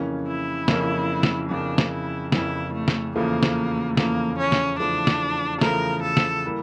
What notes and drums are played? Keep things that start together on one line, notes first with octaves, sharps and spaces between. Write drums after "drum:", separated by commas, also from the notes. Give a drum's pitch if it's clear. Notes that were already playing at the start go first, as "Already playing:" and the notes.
Already playing: F2 C#3 E3 A#3 C#4
E4
F2 C#3 E3 A#3 C#4, drum: snare
drum: snare
F2 C#3 E3 A#3 C#4 D4
drum: snare
E4
F2 C#3 E3 A#3 C#4 E4, drum: snare
A3
drum: snare
E2 C#3 F3 A3 A#3
drum: snare
E2 C#3 F3 A3 A#3, drum: snare
C#4
drum: snare
E2 C#3 F3 A3 D4
drum: snare
E2 C#3 F3 A3 A#4, drum: snare
A4
drum: snare
E3 G3 A#3